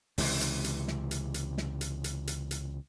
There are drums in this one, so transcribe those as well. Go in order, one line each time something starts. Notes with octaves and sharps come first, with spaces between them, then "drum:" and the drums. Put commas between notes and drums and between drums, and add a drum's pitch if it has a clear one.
C#2 C3 E3, drum: open hi-hat
drum: hi-hat
drum: hi-hat
drum: snare
drum: hi-hat
drum: hi-hat
drum: snare
drum: hi-hat
drum: hi-hat
drum: hi-hat
drum: hi-hat